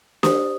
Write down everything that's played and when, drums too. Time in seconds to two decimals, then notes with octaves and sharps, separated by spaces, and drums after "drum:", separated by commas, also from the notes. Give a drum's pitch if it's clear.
0.23 G4 C5 D#6, drum: snare